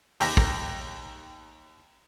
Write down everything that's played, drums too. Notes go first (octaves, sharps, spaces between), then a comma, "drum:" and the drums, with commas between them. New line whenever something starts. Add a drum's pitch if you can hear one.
D#2 G4 A#5, drum: open hi-hat
drum: kick